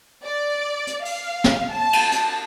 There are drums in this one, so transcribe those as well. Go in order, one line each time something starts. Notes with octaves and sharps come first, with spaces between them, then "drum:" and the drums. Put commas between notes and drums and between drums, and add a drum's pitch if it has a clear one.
D5
drum: hi-hat
F5, drum: open hi-hat
drum: snare
A5
drum: cymbal
drum: hi-hat